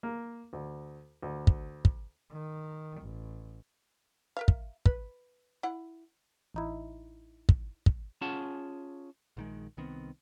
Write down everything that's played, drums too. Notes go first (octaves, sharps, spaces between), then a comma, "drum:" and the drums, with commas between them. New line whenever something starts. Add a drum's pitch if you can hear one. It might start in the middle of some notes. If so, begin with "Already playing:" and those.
A#3
D2
D2
drum: kick
drum: kick
D#3
A1
A#4 E5 F5
drum: kick
B4, drum: kick
E4 F#5
A1 D#4 E4
drum: kick
drum: kick
C#4 F4 G#4 F#5 A5
A#1 D#3 G#3
C2 D#3 B3 C4